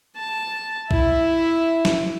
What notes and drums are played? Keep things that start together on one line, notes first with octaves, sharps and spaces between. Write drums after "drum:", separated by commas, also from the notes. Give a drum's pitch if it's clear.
A5
E4 E5, drum: kick
drum: snare